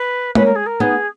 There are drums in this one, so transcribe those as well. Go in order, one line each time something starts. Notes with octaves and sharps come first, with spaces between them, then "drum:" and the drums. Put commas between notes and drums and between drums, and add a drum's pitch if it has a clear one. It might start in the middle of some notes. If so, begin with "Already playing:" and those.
Already playing: B4
A#3 C#4 B4, drum: tom G#3
A#4
G#4
A#4
B3 D#4 G#4